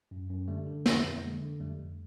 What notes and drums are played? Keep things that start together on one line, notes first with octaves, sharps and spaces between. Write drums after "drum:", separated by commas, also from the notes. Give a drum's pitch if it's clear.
F#2
F#2
D3 G3 A3
D3
F2 G3 A3, drum: snare
F2
D3 G#3 A#3
D3
F2 G3 A3
F2